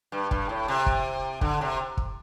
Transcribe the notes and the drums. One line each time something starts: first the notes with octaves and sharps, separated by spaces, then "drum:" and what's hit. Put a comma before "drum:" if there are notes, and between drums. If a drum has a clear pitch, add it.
G2
G2, drum: kick
A2
C3
drum: kick
D3, drum: kick
C3
drum: kick